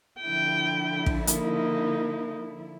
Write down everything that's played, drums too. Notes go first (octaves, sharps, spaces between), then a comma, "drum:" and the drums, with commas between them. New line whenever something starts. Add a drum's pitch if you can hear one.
D3 F3 E4 G5
drum: kick
A#3 D#4, drum: hi-hat